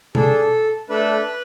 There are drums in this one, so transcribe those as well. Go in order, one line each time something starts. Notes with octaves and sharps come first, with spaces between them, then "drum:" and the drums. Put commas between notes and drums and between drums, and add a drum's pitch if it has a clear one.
D4 G#4 A4, drum: tom B2
A3 D4 A4 B4